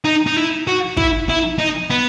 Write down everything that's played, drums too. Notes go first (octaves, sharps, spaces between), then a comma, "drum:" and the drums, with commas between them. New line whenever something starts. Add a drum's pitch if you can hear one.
D#4
D#4
E4
F#4
E4, drum: kick
E4
D#4
B3